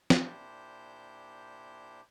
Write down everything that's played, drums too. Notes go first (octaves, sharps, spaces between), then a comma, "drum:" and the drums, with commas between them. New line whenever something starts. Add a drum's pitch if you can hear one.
drum: snare
A#2 D4 E4 G4 C5 G6